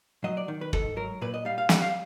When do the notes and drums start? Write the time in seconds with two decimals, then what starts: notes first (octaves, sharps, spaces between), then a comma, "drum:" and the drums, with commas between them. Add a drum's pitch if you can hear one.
0.24 F#3 D#5
0.37 D5
0.48 D#3
0.61 B4
0.73 G#2 A4, drum: kick
0.96 F#3 A#4
1.21 A#2 B4
1.34 D#5
1.45 G3 F5
1.58 F5
1.69 G3 F#5, drum: snare
1.82 F5